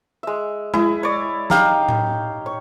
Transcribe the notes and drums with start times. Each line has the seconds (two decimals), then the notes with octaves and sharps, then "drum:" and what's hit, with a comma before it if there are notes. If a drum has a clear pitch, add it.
0.23 G#3 E5
0.74 E4 G#4, drum: tom G#3
1.03 C#5 D5
1.50 D#4 G4 F5 G5, drum: snare
1.89 drum: tom A2
2.46 C#5